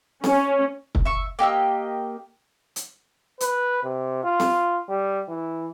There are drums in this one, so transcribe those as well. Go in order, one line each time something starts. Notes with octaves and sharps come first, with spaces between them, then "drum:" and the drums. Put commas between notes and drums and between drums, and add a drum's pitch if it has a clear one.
C#4, drum: snare C4
drum: kick
E5 C#6
A#3 G4 D#5 E6
drum: hi-hat
B4, drum: hi-hat
C3
F4
drum: snare C4
G3
E3